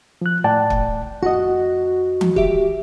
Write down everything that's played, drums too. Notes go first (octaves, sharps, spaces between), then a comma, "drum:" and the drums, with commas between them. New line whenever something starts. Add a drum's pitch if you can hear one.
F3 F#6
A2 D5 G5 A5
drum: kick
F2 F#4 D#5 F#5
drum: tom E3
G4 E5, drum: kick